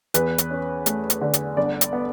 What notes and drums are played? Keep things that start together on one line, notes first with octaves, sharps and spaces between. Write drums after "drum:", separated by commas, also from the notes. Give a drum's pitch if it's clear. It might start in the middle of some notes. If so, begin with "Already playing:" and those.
E2 B4, drum: hi-hat
drum: hi-hat
C#4
A3, drum: hi-hat
drum: hi-hat
D3
drum: hi-hat
G1 D5
drum: hi-hat
B3